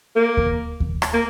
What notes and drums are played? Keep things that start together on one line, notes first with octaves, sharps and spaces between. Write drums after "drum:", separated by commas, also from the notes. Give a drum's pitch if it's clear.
A#3
drum: kick D#2
drum: kick D#2
drum: rim click
A#3